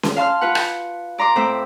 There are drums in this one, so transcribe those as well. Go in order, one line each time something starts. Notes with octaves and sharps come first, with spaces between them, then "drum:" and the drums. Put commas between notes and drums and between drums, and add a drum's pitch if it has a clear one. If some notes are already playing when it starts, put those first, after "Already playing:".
drum: snare C#4
F5 A5 C6 F6
F4 B4 F#5
drum: rim click
D5 A#5 C6 D6
A2 C4 C5 E5